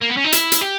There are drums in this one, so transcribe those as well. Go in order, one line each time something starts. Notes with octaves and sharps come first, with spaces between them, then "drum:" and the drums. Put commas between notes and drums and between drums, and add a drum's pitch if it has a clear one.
A#3
B3
C#4
D#4
E4, drum: hi-hat
drum: hi-hat
G4